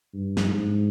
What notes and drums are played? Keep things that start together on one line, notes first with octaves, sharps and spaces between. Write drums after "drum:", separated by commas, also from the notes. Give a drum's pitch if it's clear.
G2
drum: snare
G#2